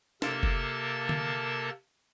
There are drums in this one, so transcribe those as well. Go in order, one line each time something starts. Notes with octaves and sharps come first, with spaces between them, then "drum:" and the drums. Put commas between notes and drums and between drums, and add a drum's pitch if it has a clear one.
C3 A#3 A4 A#4 A5 A6, drum: snare
drum: kick
drum: tom